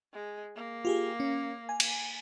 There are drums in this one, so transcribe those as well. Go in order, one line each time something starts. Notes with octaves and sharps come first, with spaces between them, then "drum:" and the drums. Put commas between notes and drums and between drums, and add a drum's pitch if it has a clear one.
G#3
A#3
F4 G4 G#4
C#4
G#5
drum: cymbal